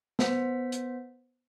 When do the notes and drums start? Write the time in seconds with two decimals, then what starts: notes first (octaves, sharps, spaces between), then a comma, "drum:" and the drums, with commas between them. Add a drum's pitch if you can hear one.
0.19 B3 C5 B6, drum: snare
0.72 drum: hi-hat